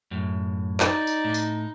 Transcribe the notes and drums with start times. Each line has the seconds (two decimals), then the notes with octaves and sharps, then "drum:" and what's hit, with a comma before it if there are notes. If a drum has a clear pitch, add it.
0.11 F#2 A2
0.80 D#4 D5, drum: clap
1.07 drum: tambourine
1.24 A2
1.34 drum: tambourine